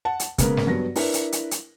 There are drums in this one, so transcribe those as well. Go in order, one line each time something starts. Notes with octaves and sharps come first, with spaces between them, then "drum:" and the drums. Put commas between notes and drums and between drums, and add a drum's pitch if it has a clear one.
F#5 A5
drum: hi-hat
C#3 G#3 A#3 B3 A#4 B4, drum: kick, hi-hat
drum: snare
G2 F#3 B3 A#6
D4 E4 A#4 B4, drum: open hi-hat
drum: hi-hat
drum: hi-hat
drum: hi-hat